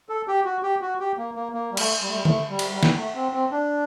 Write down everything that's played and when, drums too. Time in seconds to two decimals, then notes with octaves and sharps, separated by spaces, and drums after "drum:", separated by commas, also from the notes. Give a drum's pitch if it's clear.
0.09 A4
0.28 G4
0.45 F#4
0.63 G4
0.81 F#4
1.00 G4
1.18 A#3
1.36 A#3
1.54 A#3
1.72 G3
1.77 A3, drum: cymbal
2.02 G3
2.09 A3
2.15 G3
2.25 A3, drum: tom D3
2.49 G3
2.59 drum: cymbal
2.73 G3
2.83 drum: snare
2.97 A3
3.15 C4
3.33 C4
3.51 D4